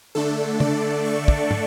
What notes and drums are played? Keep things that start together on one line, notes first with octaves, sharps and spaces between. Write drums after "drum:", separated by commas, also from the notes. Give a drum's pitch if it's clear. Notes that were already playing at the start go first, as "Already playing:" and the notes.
D3 A3 D4 A4
D5, drum: tom
C#6
drum: kick
drum: tom